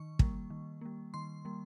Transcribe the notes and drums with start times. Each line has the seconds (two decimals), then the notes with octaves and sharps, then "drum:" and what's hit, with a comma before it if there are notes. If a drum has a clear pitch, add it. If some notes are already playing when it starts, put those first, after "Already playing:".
Already playing: D#3 C#6
0.19 G3 A#3, drum: kick
0.50 D#3
0.81 G3 A#3
1.14 D#3 C6
1.45 G3 A#3